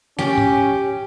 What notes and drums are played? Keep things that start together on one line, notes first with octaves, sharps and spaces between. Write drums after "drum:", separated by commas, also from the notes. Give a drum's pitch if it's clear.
C#4 G4, drum: snare
drum: tom G#2